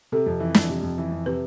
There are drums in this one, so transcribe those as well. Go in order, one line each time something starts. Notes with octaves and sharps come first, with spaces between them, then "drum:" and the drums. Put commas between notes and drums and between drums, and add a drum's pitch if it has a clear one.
C3 A4
F2
E3
F2, drum: snare
C3
F2
E3
F2
C3 B4